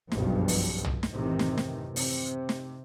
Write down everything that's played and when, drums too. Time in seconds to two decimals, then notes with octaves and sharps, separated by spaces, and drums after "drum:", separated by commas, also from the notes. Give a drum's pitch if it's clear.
0.12 F#1 B1 G2 B2 F3, drum: snare
0.48 drum: open hi-hat
0.85 drum: tom
1.03 drum: snare
1.14 F#2 A2 C3 D#3 E3
1.39 drum: snare
1.58 drum: snare
1.96 C3, drum: open hi-hat
2.49 drum: snare